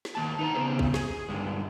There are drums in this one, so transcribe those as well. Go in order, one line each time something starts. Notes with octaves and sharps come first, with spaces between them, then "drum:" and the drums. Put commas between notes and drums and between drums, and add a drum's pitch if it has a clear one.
drum: snare
D#3 A#3 A5
D#4 B4 A#5
C#3 E3 B3 C4 G#4 C5
drum: kick
G#4, drum: snare
G2 D3 G#3